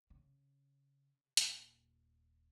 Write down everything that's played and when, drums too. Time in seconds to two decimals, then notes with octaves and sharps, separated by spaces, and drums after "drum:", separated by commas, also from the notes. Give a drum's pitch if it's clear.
0.10 C#3
1.37 D#1, drum: hi-hat